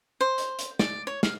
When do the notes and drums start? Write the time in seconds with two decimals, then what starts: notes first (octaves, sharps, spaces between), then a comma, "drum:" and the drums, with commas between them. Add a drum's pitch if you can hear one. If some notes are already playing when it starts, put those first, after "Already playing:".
0.21 C5
0.38 drum: hi-hat
0.59 drum: hi-hat
0.79 D5, drum: snare
1.07 C#5
1.23 F5, drum: snare